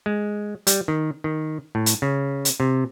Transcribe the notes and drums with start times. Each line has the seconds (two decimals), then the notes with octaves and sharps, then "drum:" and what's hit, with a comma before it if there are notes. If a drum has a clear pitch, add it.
0.06 G#3
0.67 G3, drum: hi-hat
0.88 D#3
1.24 D#3
1.75 A2
1.86 drum: hi-hat
2.02 C#3
2.45 drum: hi-hat
2.60 C3